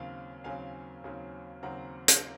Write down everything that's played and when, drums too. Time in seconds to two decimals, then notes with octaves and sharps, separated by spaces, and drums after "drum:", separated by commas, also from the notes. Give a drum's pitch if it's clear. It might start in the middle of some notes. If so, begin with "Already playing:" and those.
Already playing: D#2 C#3 F#3 C4 F5
0.44 D#2 C#3 F#3 C4 F5 G#5
1.04 D#2 C#3 F#3 C4
1.63 D#2 C#3 F#3 C4 F#5 A#5
2.08 drum: hi-hat